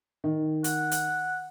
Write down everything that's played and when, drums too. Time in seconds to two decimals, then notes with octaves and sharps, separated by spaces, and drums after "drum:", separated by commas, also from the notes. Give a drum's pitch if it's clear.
0.24 D#3
0.64 F#5, drum: hi-hat
0.91 drum: hi-hat